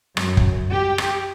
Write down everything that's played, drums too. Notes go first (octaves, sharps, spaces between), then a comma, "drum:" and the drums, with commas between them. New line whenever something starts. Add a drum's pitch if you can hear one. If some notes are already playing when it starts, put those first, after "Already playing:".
F#2, drum: rim click
drum: kick
G4
drum: rim click